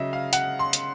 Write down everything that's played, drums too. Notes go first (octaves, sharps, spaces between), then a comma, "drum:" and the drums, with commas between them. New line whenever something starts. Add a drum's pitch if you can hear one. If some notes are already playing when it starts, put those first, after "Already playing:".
Already playing: C#3 F#3 D#5 E5
F5
F#5, drum: hi-hat
C6
drum: hi-hat